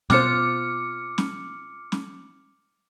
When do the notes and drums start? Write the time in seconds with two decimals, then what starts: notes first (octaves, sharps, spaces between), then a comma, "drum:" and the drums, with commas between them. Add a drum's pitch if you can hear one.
0.10 B2 C4 F4 C5 D6 F6 C#7, drum: snare
1.18 drum: snare
1.92 drum: snare